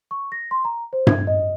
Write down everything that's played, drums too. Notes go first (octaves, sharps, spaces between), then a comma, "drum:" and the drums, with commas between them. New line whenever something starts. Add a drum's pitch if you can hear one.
C#6
A#6
C6
A#5
C5
G#6, drum: tom G2
D#5